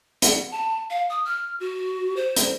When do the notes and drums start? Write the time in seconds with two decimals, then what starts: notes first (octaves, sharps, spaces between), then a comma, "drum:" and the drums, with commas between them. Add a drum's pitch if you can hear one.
0.22 F#5, drum: hi-hat
0.51 A5
0.90 F5
1.10 D#6
1.25 F6
1.60 F#4
2.17 C5
2.36 drum: hi-hat